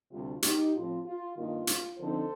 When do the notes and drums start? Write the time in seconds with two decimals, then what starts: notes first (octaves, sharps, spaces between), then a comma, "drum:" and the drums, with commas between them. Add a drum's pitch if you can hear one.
0.11 D2 C3 G3 C4 F4
0.42 D#4 G4, drum: hi-hat
0.74 A2 F3 C4 F4
1.05 F4
1.36 G2 D#3 A#3 D#4 F4
1.67 drum: hi-hat
1.98 D3 F3 C4 D#4 A4 C5